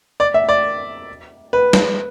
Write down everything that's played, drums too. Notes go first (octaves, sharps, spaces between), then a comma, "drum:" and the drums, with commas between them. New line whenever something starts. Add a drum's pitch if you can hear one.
D5
E5
D5
B4
drum: snare